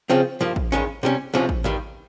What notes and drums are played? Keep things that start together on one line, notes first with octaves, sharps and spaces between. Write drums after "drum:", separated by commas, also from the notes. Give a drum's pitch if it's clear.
C#3 F3 C4
G2 F3 A#3
drum: kick
G2 D#3 G#3 C#4
C3 G3 C#4
C2 C3 F3 G#3 C#4
drum: kick
G2 D#3 G3